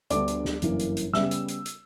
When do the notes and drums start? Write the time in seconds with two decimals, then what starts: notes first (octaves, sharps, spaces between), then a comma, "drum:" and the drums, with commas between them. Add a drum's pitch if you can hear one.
0.10 D2 D3 G3 B3 D5 D6, drum: hi-hat
0.28 drum: hi-hat
0.45 drum: snare
0.62 G1 F#2 E3 A#3, drum: hi-hat
0.79 drum: hi-hat
0.97 drum: hi-hat
1.13 C#3 G3 B3 E5 E6, drum: snare
1.31 drum: hi-hat
1.48 drum: hi-hat
1.66 drum: hi-hat